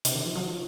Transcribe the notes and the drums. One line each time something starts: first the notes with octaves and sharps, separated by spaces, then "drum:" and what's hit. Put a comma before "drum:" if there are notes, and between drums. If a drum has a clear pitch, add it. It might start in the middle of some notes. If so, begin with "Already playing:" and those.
C3, drum: hi-hat
D#3
F3
F#3
F3